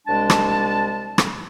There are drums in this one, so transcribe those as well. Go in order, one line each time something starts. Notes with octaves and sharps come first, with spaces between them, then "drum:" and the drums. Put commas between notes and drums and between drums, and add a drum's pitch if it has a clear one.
C2 G#3 D4 A5
drum: rim click
drum: rim click